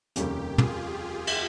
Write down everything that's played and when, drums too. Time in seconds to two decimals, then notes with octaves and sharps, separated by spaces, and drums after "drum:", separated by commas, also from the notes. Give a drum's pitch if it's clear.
0.16 F1 D#2 C#3 G3 A#3 G4, drum: hi-hat
0.58 F4 G#4, drum: tom
1.27 drum: cymbal